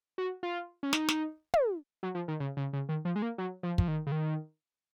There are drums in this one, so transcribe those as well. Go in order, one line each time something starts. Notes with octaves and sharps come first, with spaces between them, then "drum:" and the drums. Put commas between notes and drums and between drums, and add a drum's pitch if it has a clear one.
F#4
F4
C#4
D#4, drum: snare
drum: snare
drum: tom
F#3
F3
D#3
C#3
C#3
C#3
D#3
F3
G#3
A#3
F#3
F3
F3, drum: kick
D#3
C#3
D#3